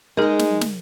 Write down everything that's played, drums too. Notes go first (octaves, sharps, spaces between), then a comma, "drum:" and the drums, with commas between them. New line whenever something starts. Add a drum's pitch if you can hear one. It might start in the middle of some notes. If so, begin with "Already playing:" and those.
G#3 D#4 G#4 A#4 D#5
drum: snare
drum: snare